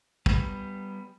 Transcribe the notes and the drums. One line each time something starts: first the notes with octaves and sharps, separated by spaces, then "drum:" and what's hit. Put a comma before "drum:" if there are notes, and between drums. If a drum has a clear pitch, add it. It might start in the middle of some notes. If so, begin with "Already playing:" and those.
G3 B3, drum: kick